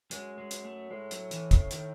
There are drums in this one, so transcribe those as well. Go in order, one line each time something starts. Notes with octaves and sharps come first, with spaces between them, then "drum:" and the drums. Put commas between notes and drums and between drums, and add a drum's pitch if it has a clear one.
F#2 G#3, drum: hi-hat
G#3
drum: hi-hat
A3
A2 G#3
F#3, drum: hi-hat
E3, drum: hi-hat
C#3, drum: kick, hi-hat
D#3, drum: hi-hat